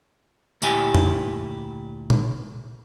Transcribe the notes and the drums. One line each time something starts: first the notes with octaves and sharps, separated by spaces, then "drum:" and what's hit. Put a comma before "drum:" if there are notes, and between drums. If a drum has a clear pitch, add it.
D2 A#2 E4 G4 G#5, drum: tambourine
drum: tom F2
drum: tom